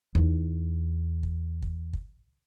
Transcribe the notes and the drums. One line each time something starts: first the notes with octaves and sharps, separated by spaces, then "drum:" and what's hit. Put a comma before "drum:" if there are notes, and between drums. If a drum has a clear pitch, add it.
E2 D#4
drum: kick
drum: kick
drum: kick